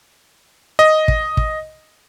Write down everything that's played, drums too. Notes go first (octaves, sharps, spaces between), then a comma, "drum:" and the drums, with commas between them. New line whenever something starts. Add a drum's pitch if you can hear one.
D#5
drum: kick
drum: kick